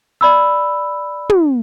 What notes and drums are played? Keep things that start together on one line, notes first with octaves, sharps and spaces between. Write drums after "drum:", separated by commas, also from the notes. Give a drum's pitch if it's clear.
D5 B5 E6
drum: tom